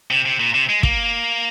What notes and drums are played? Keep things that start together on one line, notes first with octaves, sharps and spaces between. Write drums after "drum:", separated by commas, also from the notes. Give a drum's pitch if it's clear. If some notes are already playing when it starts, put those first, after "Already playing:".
C3
C3
A#2
C3
G#3
A#3, drum: kick